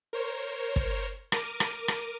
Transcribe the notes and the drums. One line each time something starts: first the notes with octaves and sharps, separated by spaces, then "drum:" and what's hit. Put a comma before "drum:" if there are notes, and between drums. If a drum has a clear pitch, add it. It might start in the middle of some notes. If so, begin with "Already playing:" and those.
A#4 C5 C#5
drum: kick
A#4 D6 D#7, drum: rim click
drum: rim click
drum: rim click